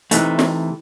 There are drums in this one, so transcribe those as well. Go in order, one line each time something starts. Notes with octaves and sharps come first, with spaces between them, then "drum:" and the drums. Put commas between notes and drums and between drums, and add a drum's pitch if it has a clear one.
C3 E3 A3 D#4, drum: hi-hat
drum: snare